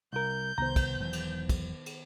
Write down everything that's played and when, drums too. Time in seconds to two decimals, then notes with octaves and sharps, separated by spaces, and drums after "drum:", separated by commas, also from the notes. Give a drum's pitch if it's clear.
0.13 C2 A#4 G6
0.58 C2 D#3 B3 C5 A#5
0.76 drum: kick, cymbal
1.00 E1 E3 F#3
1.13 drum: cymbal
1.49 drum: kick, cymbal
1.86 drum: cymbal